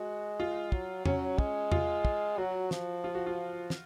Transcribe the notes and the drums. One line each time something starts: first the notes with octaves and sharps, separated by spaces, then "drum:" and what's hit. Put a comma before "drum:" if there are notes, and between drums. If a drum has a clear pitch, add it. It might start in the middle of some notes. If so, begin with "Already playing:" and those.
Already playing: G#3 F#4
F4
F#3, drum: kick
F#3 C#4, drum: tom E2
G#3, drum: kick
F4, drum: tom E2
drum: kick
F#3 F#4
F3, drum: snare
F4
F#4
F4
drum: snare